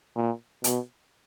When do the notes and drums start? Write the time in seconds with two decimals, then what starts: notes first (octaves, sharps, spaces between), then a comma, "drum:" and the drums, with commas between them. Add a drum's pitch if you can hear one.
0.16 A#2
0.64 B2, drum: hi-hat